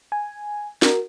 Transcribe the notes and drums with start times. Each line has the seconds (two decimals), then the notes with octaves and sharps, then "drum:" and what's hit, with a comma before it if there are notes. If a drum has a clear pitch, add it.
0.12 G#5
0.82 F#4 A#4, drum: snare